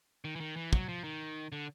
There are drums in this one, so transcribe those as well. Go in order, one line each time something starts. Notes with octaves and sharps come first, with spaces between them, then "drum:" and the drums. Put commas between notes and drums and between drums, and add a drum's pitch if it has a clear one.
D#3
E3
D#3
E3
F#3, drum: kick
F3
D#3
D3